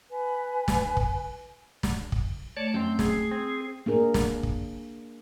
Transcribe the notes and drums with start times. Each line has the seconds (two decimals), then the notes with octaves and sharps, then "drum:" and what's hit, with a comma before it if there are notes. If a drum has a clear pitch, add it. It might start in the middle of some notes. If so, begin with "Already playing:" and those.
0.09 B4 G#5
0.68 drum: snare
0.97 drum: kick
1.83 drum: snare
2.12 drum: kick
2.57 A3 C#5 D5 A5
2.74 F#2 C4 G6
2.99 G#4, drum: snare
3.31 C4
3.86 A#3 D4 G#4 A#4
4.14 drum: snare
4.43 drum: kick